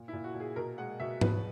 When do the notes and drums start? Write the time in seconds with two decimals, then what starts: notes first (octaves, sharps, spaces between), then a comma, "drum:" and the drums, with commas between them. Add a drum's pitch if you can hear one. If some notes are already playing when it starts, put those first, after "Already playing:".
Already playing: A#2
0.08 E4
0.13 A#2
0.24 F#4
0.35 A#2
0.40 G#4
0.56 B2 A#4
0.78 G#3 F#5
1.00 B2 E5
1.21 F#3 B4, drum: tom G#2